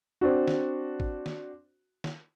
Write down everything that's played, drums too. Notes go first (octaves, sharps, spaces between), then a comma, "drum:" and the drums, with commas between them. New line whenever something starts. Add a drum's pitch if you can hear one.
C4 D4 F#4
drum: snare
drum: kick
drum: snare
drum: snare